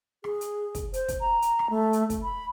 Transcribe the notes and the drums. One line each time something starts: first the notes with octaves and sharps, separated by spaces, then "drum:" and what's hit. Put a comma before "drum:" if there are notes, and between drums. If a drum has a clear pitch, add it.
G#4, drum: rim click
drum: hi-hat
drum: kick, hi-hat
C5, drum: hi-hat
drum: kick, hi-hat
A#5
drum: hi-hat
drum: rim click
A3
drum: hi-hat
drum: kick, hi-hat
B5